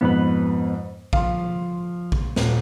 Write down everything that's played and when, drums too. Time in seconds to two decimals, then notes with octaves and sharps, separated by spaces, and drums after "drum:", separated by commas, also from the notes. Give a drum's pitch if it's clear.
0.01 F2 G#2 B3 B4
1.13 F3 F5 C6, drum: kick A#1
2.12 drum: kick A#1
2.36 D#1, drum: snare